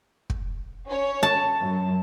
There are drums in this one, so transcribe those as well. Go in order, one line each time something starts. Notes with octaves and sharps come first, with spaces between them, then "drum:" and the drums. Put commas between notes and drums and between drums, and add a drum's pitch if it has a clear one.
drum: kick
C#4 C#5
A5
F#2